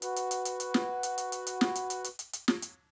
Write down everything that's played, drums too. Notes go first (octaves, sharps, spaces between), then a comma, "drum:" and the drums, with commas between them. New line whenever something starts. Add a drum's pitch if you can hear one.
F#4 B4, drum: hi-hat
drum: hi-hat
drum: hi-hat
drum: hi-hat
drum: hi-hat
drum: snare
drum: hi-hat
drum: hi-hat
drum: hi-hat
drum: hi-hat
drum: snare
drum: hi-hat
drum: hi-hat
drum: hi-hat
drum: hi-hat
drum: hi-hat
drum: snare
drum: hi-hat